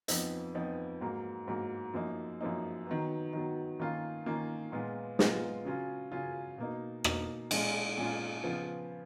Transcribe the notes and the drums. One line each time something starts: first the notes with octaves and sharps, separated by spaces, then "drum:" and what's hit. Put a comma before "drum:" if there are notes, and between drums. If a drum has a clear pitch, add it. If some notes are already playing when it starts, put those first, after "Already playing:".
F2 F3 B3 D#4, drum: hi-hat
F2 F3 B3 D#4
G#2 F#3 A#3
G#2 F#3 A#3
F#2 F3 A#3 D#4
F#2 F3 A#3 D#4
D#3 F#3 B3
D#3 F#3 B3
D#3 A#3 C#4 F4
D#3 A#3 C#4 F4
A#2 G#3 B3 F4
A#2 G#3 B3 F4, drum: snare
C#3 F#3 C#4 F4
C#3 F#3 C#4 F4
B2 A#3 D#4
B2 A#3 D#4, drum: rim click
A#2 G#3 C#4 F4, drum: cymbal
A#2 G#3 C#4 F4
C#3 F3 B3 F4